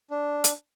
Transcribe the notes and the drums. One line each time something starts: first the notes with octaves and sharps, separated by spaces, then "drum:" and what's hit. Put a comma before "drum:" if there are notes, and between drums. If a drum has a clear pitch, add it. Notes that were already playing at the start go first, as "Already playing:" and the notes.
D4
drum: hi-hat